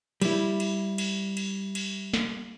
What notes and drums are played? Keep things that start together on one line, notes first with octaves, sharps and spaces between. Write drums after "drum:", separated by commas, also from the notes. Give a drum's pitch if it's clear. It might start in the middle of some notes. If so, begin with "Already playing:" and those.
G3 E4, drum: cymbal
drum: cymbal
drum: cymbal
drum: cymbal
drum: cymbal
drum: snare